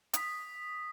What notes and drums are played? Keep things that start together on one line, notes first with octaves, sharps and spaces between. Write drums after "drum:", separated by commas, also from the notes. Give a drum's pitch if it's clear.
D#6 B6, drum: hi-hat